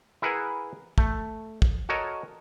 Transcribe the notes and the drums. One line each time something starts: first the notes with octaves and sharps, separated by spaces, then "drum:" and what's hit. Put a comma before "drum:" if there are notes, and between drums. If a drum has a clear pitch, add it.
E4 G#4 A#4 B4 E5 F#5
A3, drum: kick
drum: kick
F#4 A4 A#4 C#5 D#5